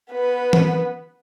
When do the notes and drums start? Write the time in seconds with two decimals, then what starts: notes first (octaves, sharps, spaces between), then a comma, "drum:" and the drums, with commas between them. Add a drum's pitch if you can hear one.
0.13 B3 B4
0.53 drum: tom